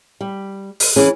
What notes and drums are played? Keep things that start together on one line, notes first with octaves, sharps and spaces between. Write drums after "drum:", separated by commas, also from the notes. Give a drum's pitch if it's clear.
G3
drum: open hi-hat
E3 C#4 G#4